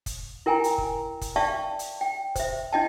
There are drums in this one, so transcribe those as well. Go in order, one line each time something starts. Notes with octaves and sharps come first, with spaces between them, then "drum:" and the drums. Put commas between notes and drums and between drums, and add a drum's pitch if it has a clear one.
drum: kick, hi-hat
E4 A#4 G5 G#5 A#5
drum: hi-hat
drum: kick
drum: kick, hi-hat
D5 E5 F5 G5 A5 C#6
drum: hi-hat
G5
C5 E5, drum: kick, hi-hat
D4 E4 D#5 G5 A5